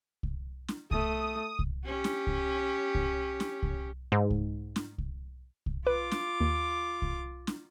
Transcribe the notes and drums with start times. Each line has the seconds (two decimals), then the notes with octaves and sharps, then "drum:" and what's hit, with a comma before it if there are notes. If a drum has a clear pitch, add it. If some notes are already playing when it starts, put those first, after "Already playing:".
0.23 drum: kick C2
0.68 drum: snare
0.91 A3 D#6, drum: kick C2
1.59 drum: kick C2
1.85 C#4 G4
2.04 drum: snare
2.27 drum: kick C2
2.95 drum: kick C2
3.40 drum: snare
3.63 drum: kick C2
4.12 G#2
4.30 drum: kick C2
4.76 drum: snare
4.98 drum: kick C2
5.66 drum: kick C2
5.87 F4 B4 D6
6.11 drum: snare
6.41 D#2
7.02 drum: kick C2
7.47 drum: snare